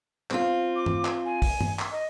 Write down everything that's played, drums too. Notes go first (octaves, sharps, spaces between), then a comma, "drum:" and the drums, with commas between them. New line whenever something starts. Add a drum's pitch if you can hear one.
C4 F4, drum: clap
D6
drum: tom G2
drum: clap
G#5
drum: kick, open hi-hat
drum: tom G2
drum: clap
D#5